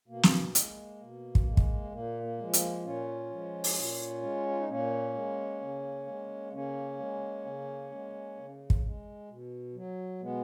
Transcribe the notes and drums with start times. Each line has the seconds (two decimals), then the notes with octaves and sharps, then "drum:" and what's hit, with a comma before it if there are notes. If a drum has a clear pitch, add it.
0.08 B2 A#3
0.23 drum: snare
0.55 G#3, drum: hi-hat
1.01 B2
1.35 drum: kick
1.47 G#3
1.57 drum: kick
1.92 A#2 A#3
2.23 A#3
2.39 F3 G#3
2.53 A#3, drum: hi-hat
2.84 A#2 C#4 F4
3.30 F3 G#3
3.64 drum: open hi-hat
3.77 A#2
4.23 G#3
4.49 F4
4.59 D#4
4.69 A#2 A#3 C#4
5.14 G#3
5.61 C#3
6.07 G#3
6.52 C#3 A#3 C#4
6.99 G#3
7.45 C#3
7.91 G#3
8.37 C#3
8.70 drum: kick
8.83 G#3
9.29 B2
9.75 F#3
10.21 B2 G#3 B3